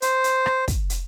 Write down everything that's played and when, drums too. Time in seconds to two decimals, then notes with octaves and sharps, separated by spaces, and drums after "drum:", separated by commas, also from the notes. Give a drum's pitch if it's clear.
0.02 C5, drum: hi-hat
0.24 drum: hi-hat
0.46 drum: rim click
0.68 drum: kick, hi-hat
0.90 drum: hi-hat